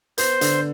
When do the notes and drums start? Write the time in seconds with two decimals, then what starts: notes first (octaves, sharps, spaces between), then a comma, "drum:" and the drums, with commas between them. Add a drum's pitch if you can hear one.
0.18 B3 C5, drum: hi-hat
0.41 D3, drum: hi-hat